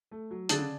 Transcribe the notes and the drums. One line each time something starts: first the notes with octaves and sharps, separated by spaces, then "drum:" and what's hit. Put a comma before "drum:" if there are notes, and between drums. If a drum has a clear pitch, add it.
A3
F#3
D3 D4 G#4 D5 A5, drum: hi-hat
C#3